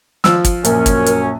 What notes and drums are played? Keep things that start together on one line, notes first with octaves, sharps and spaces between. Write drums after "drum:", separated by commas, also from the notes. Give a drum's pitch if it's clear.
F3 E6, drum: snare
drum: kick G#1, hi-hat
A#1 F#2 C#4 A#4, drum: hi-hat
drum: kick G#1, hi-hat
drum: hi-hat